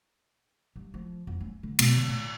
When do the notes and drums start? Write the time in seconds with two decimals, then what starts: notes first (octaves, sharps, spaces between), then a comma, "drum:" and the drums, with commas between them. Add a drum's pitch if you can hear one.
0.76 G2
0.94 F3
1.27 F2
1.40 C#4
1.63 D3
1.79 B2, drum: cymbal
1.97 D3
2.08 A#2